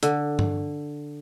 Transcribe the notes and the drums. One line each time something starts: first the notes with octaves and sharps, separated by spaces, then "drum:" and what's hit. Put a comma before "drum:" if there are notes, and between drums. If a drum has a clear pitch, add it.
D3, drum: hi-hat
drum: tom G2